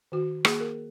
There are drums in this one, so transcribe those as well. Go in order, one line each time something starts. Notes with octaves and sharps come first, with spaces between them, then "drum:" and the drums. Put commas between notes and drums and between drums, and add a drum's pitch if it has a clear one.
D#3 F#4
A#3 G#4, drum: rim click
A#4